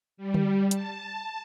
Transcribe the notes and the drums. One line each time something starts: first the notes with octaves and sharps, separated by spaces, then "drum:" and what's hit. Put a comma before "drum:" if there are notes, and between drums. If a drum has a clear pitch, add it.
G3
drum: tom D3
A5, drum: hi-hat